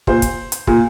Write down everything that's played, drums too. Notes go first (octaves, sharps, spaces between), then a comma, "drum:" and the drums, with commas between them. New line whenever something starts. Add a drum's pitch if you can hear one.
A#2 C5, drum: kick
drum: kick, hi-hat
drum: hi-hat
A#2, drum: kick